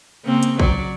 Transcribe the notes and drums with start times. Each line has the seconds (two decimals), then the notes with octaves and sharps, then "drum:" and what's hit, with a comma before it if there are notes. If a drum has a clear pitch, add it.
0.25 C#3 A#3 C4
0.43 drum: hi-hat
0.59 F#3 D5, drum: kick